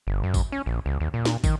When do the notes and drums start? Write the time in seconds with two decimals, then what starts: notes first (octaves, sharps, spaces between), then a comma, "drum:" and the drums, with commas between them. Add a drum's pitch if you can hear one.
0.07 G1
0.23 F#2
0.34 drum: kick, tambourine
0.52 C#4
0.66 A#1
0.86 C#2
1.00 D#2
1.14 A#2
1.25 drum: snare
1.44 D#3, drum: kick, tambourine